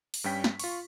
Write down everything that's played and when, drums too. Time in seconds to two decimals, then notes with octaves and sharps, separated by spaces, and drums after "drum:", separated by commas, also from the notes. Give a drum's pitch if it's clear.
0.14 drum: open hi-hat
0.24 G2 G3 C#4 G5 B6
0.44 drum: snare
0.60 F4 C#6, drum: open hi-hat